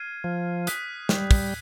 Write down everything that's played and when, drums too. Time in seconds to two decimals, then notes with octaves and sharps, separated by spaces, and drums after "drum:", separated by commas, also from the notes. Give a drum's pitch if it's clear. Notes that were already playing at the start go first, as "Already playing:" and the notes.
Already playing: F6 G#6 C7 D#7
0.24 F3
0.67 D#6 F#6 B6, drum: hi-hat
1.09 G3, drum: snare
1.31 drum: kick, open hi-hat